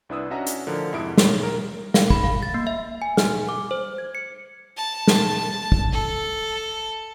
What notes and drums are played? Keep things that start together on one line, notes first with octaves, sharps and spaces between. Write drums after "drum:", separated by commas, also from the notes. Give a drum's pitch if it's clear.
C2 D4 E4 B4 D#6 E6
C#4 D4 F#4 D#5 E5 A#5
drum: hi-hat
A2 D3 F3 A#4
F2 G#2 C3 E4 D#6 D7
E2 C#5, drum: snare
A#4
F5, drum: snare
B5, drum: kick
F5
A6
A#3
E5
G#5
F6, drum: snare
D6
C5
G#6
C#7
A5
drum: snare
drum: kick
A4